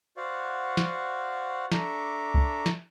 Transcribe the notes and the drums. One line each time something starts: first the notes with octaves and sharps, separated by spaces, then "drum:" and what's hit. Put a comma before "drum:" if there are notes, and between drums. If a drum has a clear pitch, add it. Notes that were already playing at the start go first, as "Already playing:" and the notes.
F#4 C5 D5 F5 F#5 C#6
drum: snare
D4 A4 E5 A#5 C#6 D6, drum: snare
drum: kick C2
drum: snare